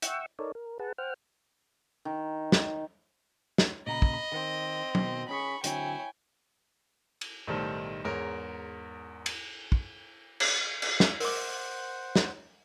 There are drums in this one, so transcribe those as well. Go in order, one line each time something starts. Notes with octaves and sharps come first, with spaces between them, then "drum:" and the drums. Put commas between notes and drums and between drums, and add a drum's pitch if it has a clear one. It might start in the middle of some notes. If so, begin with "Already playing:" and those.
E5 F#5 G5 C#6 E6, drum: hi-hat
D#4 A4 A#4 C#5 D5
A#4
G#4 B4 F#5 A5
C5 F#5 G5 F6
D#3
drum: snare
drum: snare
A#2 C#3 D#5 A#5 B5
drum: kick
D#3 C4
B2 D#3, drum: tom
C#4 G#4 B5 C#6
D3 F#3 C4 E4 C#5 G5 G#5, drum: hi-hat
drum: cymbal
B1 A2 D#3 G3 A4 C5
E2 G#2 A#4 C#5
drum: cymbal
drum: kick
drum: cymbal
drum: cymbal
drum: snare
A#4 C5 F#5 D6, drum: open hi-hat
drum: snare